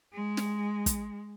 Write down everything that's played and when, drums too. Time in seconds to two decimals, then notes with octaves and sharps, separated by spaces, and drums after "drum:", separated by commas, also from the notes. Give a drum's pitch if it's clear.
0.13 G#3
0.37 drum: snare
0.86 drum: kick, hi-hat